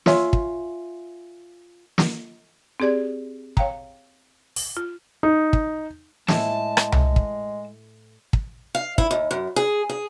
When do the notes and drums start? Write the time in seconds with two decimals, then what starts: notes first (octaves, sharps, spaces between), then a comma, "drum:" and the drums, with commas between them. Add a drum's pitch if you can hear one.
0.06 F4 C#5 E5 G#5, drum: snare
0.33 drum: kick
1.98 drum: snare
2.80 C4 G4 G#4 D5 G#6
3.57 C#5 F5 G5 A#5, drum: kick
4.56 drum: open hi-hat
4.77 F4
5.23 D#4
5.53 drum: kick
6.28 A2 G#3 A5, drum: snare
6.77 drum: rim click
6.92 drum: tom C2
7.16 drum: kick
8.33 drum: kick
8.75 F5
8.98 E4, drum: kick
9.11 D#2
9.31 F#2
9.56 G#4
9.89 G#4